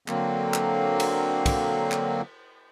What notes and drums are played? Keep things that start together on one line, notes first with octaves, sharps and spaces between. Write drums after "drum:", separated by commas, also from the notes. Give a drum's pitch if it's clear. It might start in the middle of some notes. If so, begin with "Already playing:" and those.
D3 F#3 A#3 C4, drum: clap
drum: clap
drum: cymbal
drum: kick, cymbal
drum: clap